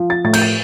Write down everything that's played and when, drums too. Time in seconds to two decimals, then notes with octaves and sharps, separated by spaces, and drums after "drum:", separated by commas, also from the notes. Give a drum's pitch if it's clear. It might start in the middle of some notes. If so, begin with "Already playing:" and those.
Already playing: F3
0.10 A6
0.24 A2 A6
0.33 G6, drum: cymbal
0.42 A6